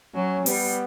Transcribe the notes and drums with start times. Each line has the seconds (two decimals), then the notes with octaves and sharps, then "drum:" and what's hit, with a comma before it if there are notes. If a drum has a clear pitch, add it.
0.14 F#3 C#4
0.46 G3 B3, drum: open hi-hat